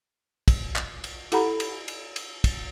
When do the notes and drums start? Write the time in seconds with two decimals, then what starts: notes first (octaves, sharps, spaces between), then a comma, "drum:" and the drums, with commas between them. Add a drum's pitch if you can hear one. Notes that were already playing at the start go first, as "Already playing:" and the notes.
0.48 drum: kick, cymbal
0.76 drum: clap
1.04 drum: cymbal
1.32 E4 G4 A4 F#5 A#5 B5, drum: cymbal
1.60 drum: cymbal
1.88 drum: cymbal
2.16 drum: cymbal
2.44 drum: kick, cymbal